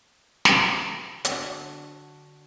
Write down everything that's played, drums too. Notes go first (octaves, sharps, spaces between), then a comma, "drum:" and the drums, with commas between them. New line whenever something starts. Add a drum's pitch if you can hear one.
drum: snare
D3 D4 F#4, drum: hi-hat